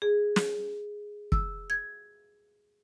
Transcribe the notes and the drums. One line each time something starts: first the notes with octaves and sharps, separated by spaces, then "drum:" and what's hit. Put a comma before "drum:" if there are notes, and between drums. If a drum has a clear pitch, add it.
G#4
drum: snare
E6, drum: kick
G#6